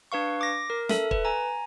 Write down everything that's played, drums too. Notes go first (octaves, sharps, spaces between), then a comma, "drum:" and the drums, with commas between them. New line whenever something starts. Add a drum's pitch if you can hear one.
D4 B4 F5 C#6
D6 A#6
A#4
A4 E5, drum: snare
B4, drum: kick
G#5 A#5